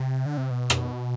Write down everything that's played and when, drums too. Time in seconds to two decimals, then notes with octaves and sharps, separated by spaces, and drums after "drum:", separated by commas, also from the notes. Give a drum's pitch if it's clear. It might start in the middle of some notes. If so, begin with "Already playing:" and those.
Already playing: C3
0.26 D3
0.37 C3
0.50 B2
0.70 drum: rim click